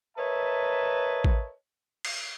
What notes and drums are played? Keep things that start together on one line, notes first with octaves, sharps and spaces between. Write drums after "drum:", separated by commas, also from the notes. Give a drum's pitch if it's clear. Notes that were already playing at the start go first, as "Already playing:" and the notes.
A#4 B4 C#5 D#5 E5 A5
drum: kick A1
drum: cymbal